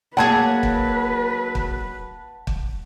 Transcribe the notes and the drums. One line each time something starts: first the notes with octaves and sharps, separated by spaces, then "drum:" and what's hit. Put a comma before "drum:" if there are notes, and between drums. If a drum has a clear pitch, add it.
F#3 A#3 G#4 B4 F#5 A5 G#6
drum: kick
drum: kick
drum: kick